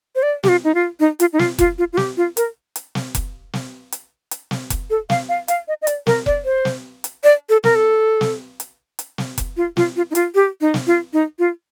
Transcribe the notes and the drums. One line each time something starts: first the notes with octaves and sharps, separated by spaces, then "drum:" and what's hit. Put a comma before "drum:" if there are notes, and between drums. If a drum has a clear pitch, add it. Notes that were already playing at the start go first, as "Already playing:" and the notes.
C5
D5
G4, drum: snare
F4
D#4
F4
D#4
F4, drum: hi-hat
D#4
F4, drum: snare
F4, drum: kick F1, hi-hat
F4
F4
G4, drum: snare
F4
A#4, drum: hi-hat
drum: hi-hat
drum: snare
drum: kick F1, hi-hat
drum: snare
drum: hi-hat
drum: hi-hat
drum: snare
drum: kick F1, hi-hat
A4
F5, drum: snare
F5
F5, drum: hi-hat
D#5
D#5
D5, drum: hi-hat
A#4, drum: snare
D5, drum: kick F1
C5
drum: snare
drum: hi-hat
D5
A4
A#4, drum: snare
A4
drum: snare
drum: hi-hat
drum: hi-hat
drum: snare
drum: kick F1, hi-hat
F4
F4, drum: snare
F4
D#4
F4, drum: hi-hat
G4
D#4
drum: snare
F4
D#4
F4